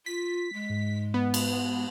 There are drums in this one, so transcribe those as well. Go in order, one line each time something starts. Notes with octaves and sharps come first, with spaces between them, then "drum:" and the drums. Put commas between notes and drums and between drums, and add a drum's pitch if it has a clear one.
F4 B6
G#3
G#2
B3
drum: cymbal